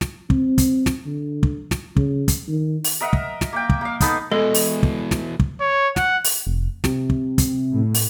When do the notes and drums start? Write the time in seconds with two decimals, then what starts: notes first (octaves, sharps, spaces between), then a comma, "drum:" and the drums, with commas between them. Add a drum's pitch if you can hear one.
0.01 drum: snare
0.30 C4, drum: kick
0.58 drum: kick, hi-hat
0.86 drum: snare
1.06 D3
1.43 drum: kick
1.71 drum: snare
1.96 C#3, drum: kick
2.28 drum: kick, hi-hat
2.48 D#3
2.84 drum: open hi-hat
3.01 A#4 D#5 E5 F#5
3.13 drum: kick
3.41 drum: snare
3.53 A#3 G5
3.69 drum: kick
3.81 A#3 F5
4.01 B3 D#4 A4 B4, drum: kick, hi-hat
4.32 E2 B2 G#3 A4
4.55 drum: open hi-hat
4.83 drum: kick
5.11 drum: snare
5.40 drum: kick
5.61 C#5
5.96 F#5, drum: snare
6.25 drum: open hi-hat
6.46 F1
6.84 C3, drum: snare
7.10 drum: kick
7.38 drum: kick, hi-hat
7.72 A2
7.95 drum: open hi-hat